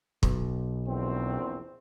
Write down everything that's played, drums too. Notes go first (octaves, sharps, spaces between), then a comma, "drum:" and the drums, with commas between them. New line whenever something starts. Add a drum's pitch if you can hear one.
B1, drum: kick
A#1 E2 C4